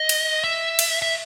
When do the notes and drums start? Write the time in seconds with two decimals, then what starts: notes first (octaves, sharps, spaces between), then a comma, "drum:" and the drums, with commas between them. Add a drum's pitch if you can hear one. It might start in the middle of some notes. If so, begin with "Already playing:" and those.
Already playing: D#5
0.09 drum: cymbal
0.44 E5
0.79 drum: cymbal
1.02 E5